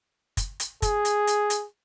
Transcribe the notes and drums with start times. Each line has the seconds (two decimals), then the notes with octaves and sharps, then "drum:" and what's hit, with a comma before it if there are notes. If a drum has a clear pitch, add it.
0.37 drum: kick, hi-hat
0.60 drum: hi-hat
0.82 G#4, drum: kick, hi-hat
1.05 drum: hi-hat
1.27 drum: hi-hat
1.50 drum: hi-hat